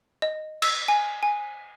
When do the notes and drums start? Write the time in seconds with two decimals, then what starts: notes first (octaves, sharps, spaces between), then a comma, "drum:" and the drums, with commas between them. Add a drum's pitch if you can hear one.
0.22 D#5
0.62 E6, drum: cymbal
0.88 G#5
1.23 G#5